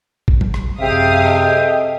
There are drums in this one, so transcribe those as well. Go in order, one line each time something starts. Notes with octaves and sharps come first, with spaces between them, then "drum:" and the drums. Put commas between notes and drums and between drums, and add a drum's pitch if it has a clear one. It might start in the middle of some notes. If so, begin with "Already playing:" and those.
drum: kick A1
drum: tom F#3
drum: rim click
F#2 C3 G#3 E5 F5 G5 D#6
A4 D#5